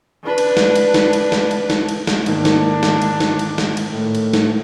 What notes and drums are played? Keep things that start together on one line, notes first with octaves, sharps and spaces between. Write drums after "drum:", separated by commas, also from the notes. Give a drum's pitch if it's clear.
D4 B4
drum: cymbal
drum: snare
drum: cymbal
drum: snare
drum: cymbal
drum: snare
drum: cymbal
drum: snare
drum: cymbal
drum: snare
G#2 D#3 A#3 D4, drum: cymbal
drum: snare
drum: snare
drum: cymbal
drum: snare
drum: cymbal
drum: snare
drum: cymbal
A2
drum: cymbal
drum: snare